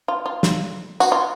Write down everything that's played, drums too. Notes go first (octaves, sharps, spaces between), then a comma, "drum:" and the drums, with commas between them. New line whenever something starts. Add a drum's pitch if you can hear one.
F4
F4
drum: snare
F#4, drum: tambourine
F4